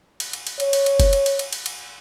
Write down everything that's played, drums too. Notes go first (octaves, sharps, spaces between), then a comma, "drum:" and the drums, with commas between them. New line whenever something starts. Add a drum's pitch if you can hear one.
drum: cymbal
drum: cymbal
drum: cymbal
C#5, drum: cymbal
drum: cymbal
drum: cymbal
drum: kick F#1, cymbal
drum: cymbal
drum: cymbal
drum: cymbal
drum: cymbal
drum: cymbal